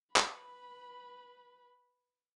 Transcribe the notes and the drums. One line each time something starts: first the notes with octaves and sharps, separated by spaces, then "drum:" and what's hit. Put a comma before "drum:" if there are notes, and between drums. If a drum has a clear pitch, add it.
B4 B5, drum: clap